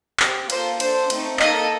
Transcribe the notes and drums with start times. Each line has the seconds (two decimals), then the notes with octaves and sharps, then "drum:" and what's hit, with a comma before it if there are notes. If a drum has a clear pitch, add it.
0.20 C4 G4 A#4, drum: clap
0.50 A#3 F4 A4 C5, drum: cymbal
0.80 D4 A4 C5, drum: cymbal
1.10 A3 C4 D#4, drum: cymbal
1.39 A#3 D#4 A4 D#5, drum: clap